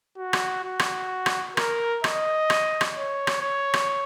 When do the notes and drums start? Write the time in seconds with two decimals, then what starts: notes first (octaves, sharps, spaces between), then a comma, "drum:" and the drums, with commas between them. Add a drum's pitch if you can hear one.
0.17 F#4
0.33 drum: rim click
0.64 F#4
0.79 drum: rim click
1.26 drum: rim click
1.57 A#4, drum: rim click
2.04 D#5, drum: rim click
2.50 drum: rim click
2.81 drum: rim click
2.96 C#5
3.27 drum: rim click
3.42 C#5
3.74 drum: rim click